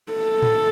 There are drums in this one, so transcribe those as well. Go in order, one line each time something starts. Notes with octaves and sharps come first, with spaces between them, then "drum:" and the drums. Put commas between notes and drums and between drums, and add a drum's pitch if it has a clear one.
A4
drum: tom A2